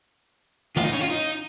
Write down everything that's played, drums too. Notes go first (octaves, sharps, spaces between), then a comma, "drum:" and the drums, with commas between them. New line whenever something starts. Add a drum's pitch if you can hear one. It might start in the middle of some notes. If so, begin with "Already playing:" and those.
F4, drum: tom
D#4
C#4
F4
D#4